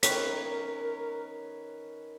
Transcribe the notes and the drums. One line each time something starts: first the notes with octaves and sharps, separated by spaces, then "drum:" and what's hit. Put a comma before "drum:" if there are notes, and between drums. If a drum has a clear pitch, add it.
D#3 C#4 A#4 B4 B6, drum: hi-hat